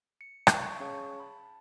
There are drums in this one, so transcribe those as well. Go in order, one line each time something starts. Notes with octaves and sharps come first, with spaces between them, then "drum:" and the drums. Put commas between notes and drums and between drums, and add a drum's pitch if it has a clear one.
C#7
E5 F5 A5 C#6, drum: rim click
C#4 G#4 C#5 F5 A5 C#6
A5 B5